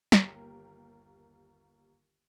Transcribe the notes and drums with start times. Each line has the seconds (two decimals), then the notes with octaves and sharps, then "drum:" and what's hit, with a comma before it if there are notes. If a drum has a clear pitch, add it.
0.12 G1 D#2 G4 A#4, drum: snare